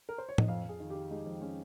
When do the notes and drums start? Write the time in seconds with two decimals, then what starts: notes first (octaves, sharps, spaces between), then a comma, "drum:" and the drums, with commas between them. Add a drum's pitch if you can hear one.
0.09 A#4
0.18 C5
0.29 C#5
0.38 D#5, drum: tom A2
0.48 F2 F5
0.64 F2 G#4
0.80 D#3
0.90 D#3 G4
1.11 G#3 D#4
1.26 F2
1.41 G#3 C#4